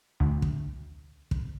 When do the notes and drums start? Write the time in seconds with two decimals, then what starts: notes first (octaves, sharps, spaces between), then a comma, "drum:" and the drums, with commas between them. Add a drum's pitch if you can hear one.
0.20 D2
0.42 drum: kick
1.31 drum: kick